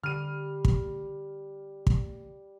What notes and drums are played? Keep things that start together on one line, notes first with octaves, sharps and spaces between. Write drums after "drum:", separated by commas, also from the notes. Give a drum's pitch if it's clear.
D3 G3 F6 D#7
drum: kick
drum: kick